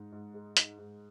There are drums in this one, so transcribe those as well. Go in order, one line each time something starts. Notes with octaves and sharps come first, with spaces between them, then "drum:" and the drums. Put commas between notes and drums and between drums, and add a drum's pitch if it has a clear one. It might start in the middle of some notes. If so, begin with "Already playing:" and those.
Already playing: G#2 D#4
G#2
G#3
D#4, drum: hi-hat
G#2